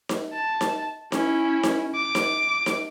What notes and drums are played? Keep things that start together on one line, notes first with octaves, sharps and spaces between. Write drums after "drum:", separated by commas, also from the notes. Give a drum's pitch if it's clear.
drum: snare D#4
A5
drum: snare D#4
C#4 E4, drum: snare D#4
drum: snare D#4
D6
drum: snare D#4
drum: snare D#4